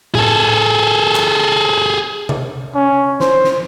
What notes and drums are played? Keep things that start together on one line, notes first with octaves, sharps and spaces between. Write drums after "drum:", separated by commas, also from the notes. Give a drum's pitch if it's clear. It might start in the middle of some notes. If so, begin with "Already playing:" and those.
G#4 A4, drum: tom A2
drum: clap
drum: tom C3
C#4
C5, drum: snare
drum: snare